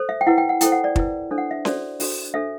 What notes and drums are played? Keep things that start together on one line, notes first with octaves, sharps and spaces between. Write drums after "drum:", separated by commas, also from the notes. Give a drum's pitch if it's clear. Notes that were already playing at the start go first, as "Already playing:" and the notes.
Already playing: A4 C5
E5
G5
E4 B4 F#5
G5
F#5
E4 A4 C5 G5, drum: hi-hat
F#5
D5
E4 B4, drum: kick
D4 A4 C5
F#5
E5
F#4 A4 C5 D5, drum: snare C#4
D4 F#4 A4 C5, drum: open hi-hat
D4 A4 C5 E5